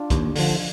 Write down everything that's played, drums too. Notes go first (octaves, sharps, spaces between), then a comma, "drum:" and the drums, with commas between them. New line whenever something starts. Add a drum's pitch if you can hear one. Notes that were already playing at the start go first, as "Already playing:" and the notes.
Already playing: D4 F4
D#2, drum: kick, hi-hat
D3 F3, drum: open hi-hat